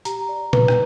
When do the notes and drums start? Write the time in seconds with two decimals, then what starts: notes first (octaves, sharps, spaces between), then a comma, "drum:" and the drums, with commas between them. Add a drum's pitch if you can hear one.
0.05 G4 A#5, drum: hi-hat
0.29 D5
0.53 B4, drum: tom
0.68 drum: rim click